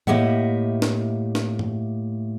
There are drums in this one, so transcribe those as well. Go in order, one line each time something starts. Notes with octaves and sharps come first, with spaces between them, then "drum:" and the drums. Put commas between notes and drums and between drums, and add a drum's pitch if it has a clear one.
A2 A#3 G4 D#5 E5 F#5, drum: tom A2
drum: snare
drum: snare
drum: tom G2